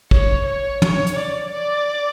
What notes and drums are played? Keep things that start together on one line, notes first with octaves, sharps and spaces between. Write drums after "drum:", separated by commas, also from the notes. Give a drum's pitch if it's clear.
C#5, drum: kick
C#5
C#5, drum: tom
drum: hi-hat
D5
D5